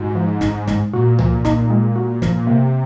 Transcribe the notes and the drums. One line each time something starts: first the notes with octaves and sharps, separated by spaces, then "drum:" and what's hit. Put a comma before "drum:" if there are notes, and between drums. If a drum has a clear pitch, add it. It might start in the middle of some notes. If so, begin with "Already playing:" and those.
Already playing: G#2 F#4
F3
D#4, drum: snare
G#3, drum: snare
A#2 F#4
F3, drum: tom C2
D#4, drum: snare
G#3
F#4
F3, drum: snare
A#2
C3 A#3